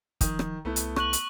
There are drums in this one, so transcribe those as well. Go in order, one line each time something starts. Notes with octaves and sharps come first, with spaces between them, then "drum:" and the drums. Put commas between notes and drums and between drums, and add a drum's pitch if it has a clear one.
D#3 F3 D#6, drum: kick, hi-hat
drum: rim click
C2 A3 B3 E4
drum: hi-hat
C#6 F#6 F#7, drum: rim click
drum: hi-hat